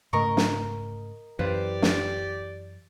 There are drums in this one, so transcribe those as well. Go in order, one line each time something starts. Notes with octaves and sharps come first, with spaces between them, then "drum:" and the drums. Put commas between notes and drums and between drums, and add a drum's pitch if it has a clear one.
G#2 C#3 A3 A#4 D#5 C#6
drum: snare
F#2 E3 G4 B4 C5 D5 F5
drum: snare